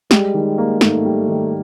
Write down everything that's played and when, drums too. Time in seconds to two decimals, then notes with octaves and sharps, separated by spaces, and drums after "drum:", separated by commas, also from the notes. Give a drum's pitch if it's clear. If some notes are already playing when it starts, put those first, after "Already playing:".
0.11 G3 G#3, drum: snare
0.34 D#3
0.58 A#3
0.81 G#2 A3, drum: snare
1.05 G3
1.28 D#3